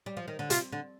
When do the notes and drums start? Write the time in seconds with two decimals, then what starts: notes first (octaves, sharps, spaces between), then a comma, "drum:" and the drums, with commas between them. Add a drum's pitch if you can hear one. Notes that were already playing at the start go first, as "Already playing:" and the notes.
0.06 G3
0.17 F3
0.28 D#3
0.39 D3
0.50 C3 F4, drum: hi-hat
0.72 D3